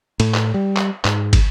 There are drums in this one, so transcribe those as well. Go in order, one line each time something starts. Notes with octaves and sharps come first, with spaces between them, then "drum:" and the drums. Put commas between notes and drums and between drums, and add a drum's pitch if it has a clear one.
A2, drum: cymbal
drum: clap
G3
drum: clap
G#2, drum: clap
drum: kick, cymbal